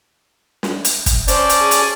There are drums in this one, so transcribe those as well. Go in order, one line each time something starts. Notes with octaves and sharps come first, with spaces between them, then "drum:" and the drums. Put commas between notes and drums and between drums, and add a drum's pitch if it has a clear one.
drum: snare
drum: hi-hat
drum: kick, hi-hat
C#4 C5 D5 A5, drum: hi-hat
drum: hi-hat
G#4
drum: hi-hat